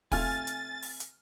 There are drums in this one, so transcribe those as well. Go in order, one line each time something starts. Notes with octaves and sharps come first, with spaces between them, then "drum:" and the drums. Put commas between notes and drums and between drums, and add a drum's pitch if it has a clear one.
C3 A3 F4 G#5 F6 A6, drum: kick, open hi-hat
drum: hi-hat
drum: open hi-hat
drum: hi-hat